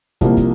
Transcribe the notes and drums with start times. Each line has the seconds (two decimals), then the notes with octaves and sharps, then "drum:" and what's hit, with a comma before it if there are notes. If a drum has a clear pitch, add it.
0.21 C2 C3 F3 A#3, drum: kick, hi-hat
0.37 drum: kick, hi-hat